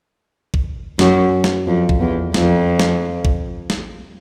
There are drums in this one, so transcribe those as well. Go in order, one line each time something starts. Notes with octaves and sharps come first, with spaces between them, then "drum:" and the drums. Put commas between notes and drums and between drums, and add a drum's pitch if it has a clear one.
drum: kick
F#2, drum: snare
drum: snare
F2
drum: kick
E2
F2, drum: snare
drum: snare
drum: kick
drum: snare